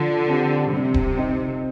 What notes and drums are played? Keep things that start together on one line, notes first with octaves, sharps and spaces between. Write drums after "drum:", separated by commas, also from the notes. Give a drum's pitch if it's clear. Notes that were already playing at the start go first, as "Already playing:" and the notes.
Already playing: D3 F3
C4 G4
C3 G3
drum: kick D#1
C4 D#4 G4